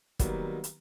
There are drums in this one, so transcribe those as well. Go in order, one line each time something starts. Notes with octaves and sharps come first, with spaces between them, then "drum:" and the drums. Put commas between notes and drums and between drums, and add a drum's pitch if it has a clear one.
D#3 F#3 G3 A#3 B3, drum: kick, hi-hat
drum: hi-hat